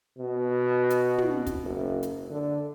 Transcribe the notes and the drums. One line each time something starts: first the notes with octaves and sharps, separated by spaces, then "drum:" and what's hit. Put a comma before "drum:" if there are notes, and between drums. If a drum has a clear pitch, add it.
B2
drum: hi-hat
drum: tom
drum: kick, hi-hat
F#1
drum: hi-hat
D3